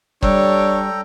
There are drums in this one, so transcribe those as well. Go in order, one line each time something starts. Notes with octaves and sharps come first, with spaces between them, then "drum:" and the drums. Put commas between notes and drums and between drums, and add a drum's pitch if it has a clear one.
G3 D4 A4 C#5 G5 A#5, drum: kick